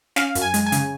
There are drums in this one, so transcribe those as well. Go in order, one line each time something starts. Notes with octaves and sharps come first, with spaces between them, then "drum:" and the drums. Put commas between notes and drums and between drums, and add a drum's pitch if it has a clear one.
C#4 F5, drum: snare
F#2, drum: hi-hat
G#5
G#3, drum: hi-hat
G#5
C#3, drum: hi-hat